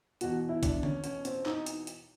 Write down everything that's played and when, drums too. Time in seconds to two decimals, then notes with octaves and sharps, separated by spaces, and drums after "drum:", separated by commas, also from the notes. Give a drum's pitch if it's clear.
0.21 E2 B2 F#4, drum: hi-hat
0.49 E4
0.63 D4, drum: kick A#1, hi-hat
0.83 C#4, drum: tom D3
1.04 C#4, drum: hi-hat
1.25 C4, drum: hi-hat
1.46 D#4, drum: clap
1.66 drum: hi-hat
1.87 drum: hi-hat